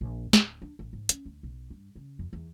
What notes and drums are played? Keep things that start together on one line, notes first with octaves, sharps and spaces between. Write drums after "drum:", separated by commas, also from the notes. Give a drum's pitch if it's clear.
A#1
D1, drum: snare
D4
A1
G#2
C#4, drum: hi-hat
D2
B1
G2
C#3
F2
E2